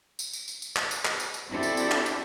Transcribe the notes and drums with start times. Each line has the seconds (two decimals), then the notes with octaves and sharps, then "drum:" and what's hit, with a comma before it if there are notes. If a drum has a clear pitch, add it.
0.19 drum: tambourine
0.33 drum: tambourine
0.48 drum: tambourine
0.62 drum: tambourine
0.76 drum: clap
0.91 drum: tambourine
1.05 drum: clap
1.20 drum: tambourine
1.34 drum: tambourine
1.48 C4 D4 E4 F#4 G4 A4
1.63 drum: tambourine
1.77 drum: tambourine
1.92 drum: clap
2.06 drum: tambourine